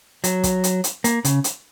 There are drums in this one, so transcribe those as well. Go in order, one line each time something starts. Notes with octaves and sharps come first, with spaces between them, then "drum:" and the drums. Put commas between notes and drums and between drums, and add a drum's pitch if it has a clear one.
F#3, drum: hi-hat
drum: kick, hi-hat
drum: hi-hat
drum: hi-hat
A#3, drum: hi-hat
C#3, drum: hi-hat
drum: hi-hat